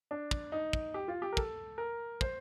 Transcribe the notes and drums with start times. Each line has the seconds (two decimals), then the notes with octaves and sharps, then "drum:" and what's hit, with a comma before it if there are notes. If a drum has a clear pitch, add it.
0.11 D4
0.31 drum: kick
0.52 D#4
0.73 drum: kick
0.94 G4
1.08 F4
1.22 G4
1.33 A#4
1.37 A4, drum: kick
1.78 A#4
2.21 C5, drum: kick